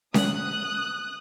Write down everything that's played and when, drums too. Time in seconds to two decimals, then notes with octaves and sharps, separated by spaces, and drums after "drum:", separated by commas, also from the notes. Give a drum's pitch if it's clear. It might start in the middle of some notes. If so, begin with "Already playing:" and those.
0.14 D#6 F#6, drum: snare C#4